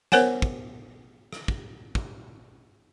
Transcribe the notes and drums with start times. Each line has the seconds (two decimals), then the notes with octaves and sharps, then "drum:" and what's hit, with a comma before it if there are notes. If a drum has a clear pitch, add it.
0.12 B3 A#4 C5 C#5 F#5 G#5, drum: snare
0.42 drum: kick
1.33 drum: rim click
1.48 drum: kick
1.95 drum: kick